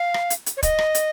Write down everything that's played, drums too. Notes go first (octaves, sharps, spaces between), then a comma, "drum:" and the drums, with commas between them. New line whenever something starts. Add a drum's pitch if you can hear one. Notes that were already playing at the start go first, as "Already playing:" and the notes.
Already playing: F5
drum: rim click
drum: hi-hat
drum: hi-hat
C#5
D#5, drum: kick, hi-hat
drum: rim click
drum: hi-hat